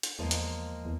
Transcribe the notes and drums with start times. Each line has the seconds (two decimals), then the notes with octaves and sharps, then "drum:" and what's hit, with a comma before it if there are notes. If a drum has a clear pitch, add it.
0.03 drum: hi-hat
0.19 E2 F3 G#3 A#3
0.31 drum: hi-hat
0.85 E2